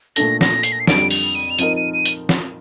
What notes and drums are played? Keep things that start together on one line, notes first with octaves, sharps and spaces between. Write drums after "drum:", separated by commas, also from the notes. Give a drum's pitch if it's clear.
A#2 A3 D4 A4 A#6, drum: hi-hat
A#6, drum: snare
C7, drum: hi-hat
A#6
C7
F2 D3 G3 D7, drum: snare
F7, drum: open hi-hat
D#7
F7
F3 C4 D#4 A#4 D#7, drum: hi-hat
D#7
D#7
drum: hi-hat
drum: snare